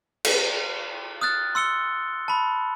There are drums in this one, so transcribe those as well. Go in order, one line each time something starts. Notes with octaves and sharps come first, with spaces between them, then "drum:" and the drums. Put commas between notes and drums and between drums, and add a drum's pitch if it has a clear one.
drum: cymbal
D#6 F6 F#6 A6
C6 E6 C#7 G7
A5 B5